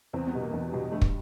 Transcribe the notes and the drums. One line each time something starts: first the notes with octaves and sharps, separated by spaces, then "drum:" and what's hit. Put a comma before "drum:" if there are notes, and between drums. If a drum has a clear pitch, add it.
E2 C4
B3
B2 G3
A#3
E2 B3
B2 G3
G2 A3
drum: kick